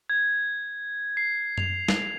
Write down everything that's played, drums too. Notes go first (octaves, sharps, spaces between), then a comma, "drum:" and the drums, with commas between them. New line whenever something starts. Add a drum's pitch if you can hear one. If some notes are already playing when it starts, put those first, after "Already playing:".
G#6
C7
F7, drum: tom F#2
drum: snare